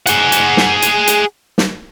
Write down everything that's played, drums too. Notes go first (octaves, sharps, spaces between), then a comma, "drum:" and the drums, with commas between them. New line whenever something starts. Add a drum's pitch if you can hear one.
G#4 F#5, drum: hi-hat
drum: hi-hat
drum: snare
drum: hi-hat
drum: hi-hat
drum: snare